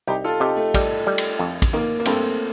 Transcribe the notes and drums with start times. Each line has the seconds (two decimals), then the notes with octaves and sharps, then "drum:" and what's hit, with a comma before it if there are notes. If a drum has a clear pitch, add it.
0.07 C2 D#4 G4
0.24 F4 A4
0.40 C3 D#4 G4
0.57 A3
0.74 G3, drum: kick, cymbal
1.07 G3
1.18 drum: cymbal
1.39 F2
1.62 drum: kick, cymbal
1.73 D#3 A#3
2.00 A#3
2.05 G2 A3 C4, drum: cymbal